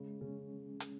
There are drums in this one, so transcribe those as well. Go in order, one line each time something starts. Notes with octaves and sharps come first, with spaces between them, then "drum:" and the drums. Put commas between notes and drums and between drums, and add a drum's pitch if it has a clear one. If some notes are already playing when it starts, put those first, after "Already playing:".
Already playing: C#3 G#3
C#3 C#4
drum: hi-hat